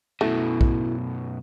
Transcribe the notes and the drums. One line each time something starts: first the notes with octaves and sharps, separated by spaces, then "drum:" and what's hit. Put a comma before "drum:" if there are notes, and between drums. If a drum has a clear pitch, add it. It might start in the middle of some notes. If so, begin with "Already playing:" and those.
F#2 B2 A3 E4
drum: kick